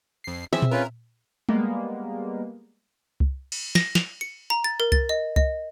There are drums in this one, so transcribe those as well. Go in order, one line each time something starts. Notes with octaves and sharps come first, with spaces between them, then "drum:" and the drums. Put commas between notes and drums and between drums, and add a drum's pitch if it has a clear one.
F2 C7
E3 F3 C4 G#4 E5
drum: tom A#2
C#4 F4 A#4 B4
G3 G#3 A#3 B3, drum: tom G#3
drum: kick C2
drum: cymbal
A#6, drum: snare
F7, drum: snare
C#7
A#5
A6
A#4
A6, drum: kick C2
D#5
D#5, drum: kick C2